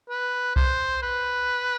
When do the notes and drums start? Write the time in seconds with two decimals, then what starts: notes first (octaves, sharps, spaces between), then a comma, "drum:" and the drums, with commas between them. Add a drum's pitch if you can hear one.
0.09 B4
0.56 C5, drum: kick C2
1.02 B4